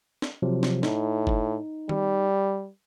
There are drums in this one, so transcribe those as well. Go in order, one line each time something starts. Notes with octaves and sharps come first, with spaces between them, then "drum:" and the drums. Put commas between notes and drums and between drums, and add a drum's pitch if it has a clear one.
drum: snare
C3 F3 F#3
drum: snare
A2 D#4, drum: snare
drum: kick F#1
G3, drum: tom D#3